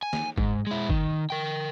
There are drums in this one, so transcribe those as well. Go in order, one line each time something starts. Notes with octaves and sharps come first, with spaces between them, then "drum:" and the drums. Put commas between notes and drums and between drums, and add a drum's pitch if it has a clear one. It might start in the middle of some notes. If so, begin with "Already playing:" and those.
G#5
drum: snare
G#2, drum: kick G1
G#3 E4
D#3, drum: kick G1
A#4 G5